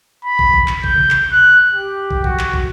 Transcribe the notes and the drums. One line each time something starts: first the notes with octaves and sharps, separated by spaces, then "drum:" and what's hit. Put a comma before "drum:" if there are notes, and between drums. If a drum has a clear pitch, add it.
B5
drum: kick
drum: kick
drum: clap
G6, drum: kick
drum: tom C3
drum: clap
F#6
G4
drum: kick
F#4, drum: kick
drum: clap
drum: kick